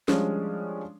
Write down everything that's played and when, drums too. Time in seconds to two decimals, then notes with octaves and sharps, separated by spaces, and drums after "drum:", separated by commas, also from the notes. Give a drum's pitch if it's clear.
0.08 F3 G3 G#3 C#4 D4, drum: snare C#4